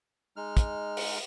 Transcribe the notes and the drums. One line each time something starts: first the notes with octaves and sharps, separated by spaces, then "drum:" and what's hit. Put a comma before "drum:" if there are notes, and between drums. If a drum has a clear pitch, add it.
G#3 D#4 F6
drum: kick, hi-hat
drum: open hi-hat